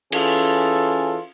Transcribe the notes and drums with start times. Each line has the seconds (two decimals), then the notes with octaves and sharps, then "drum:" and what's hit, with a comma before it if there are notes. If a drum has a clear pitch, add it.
0.12 E3 C#4 F4 G#4 A4, drum: cymbal